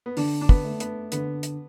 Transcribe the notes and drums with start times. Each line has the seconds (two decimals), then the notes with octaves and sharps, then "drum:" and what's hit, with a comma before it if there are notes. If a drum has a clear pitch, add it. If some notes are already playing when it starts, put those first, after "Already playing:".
0.06 B3
0.17 D3 D4, drum: open hi-hat
0.41 D4
0.49 B3, drum: kick
0.65 A3
0.80 B3, drum: hi-hat
1.12 D3 B3, drum: hi-hat
1.43 drum: hi-hat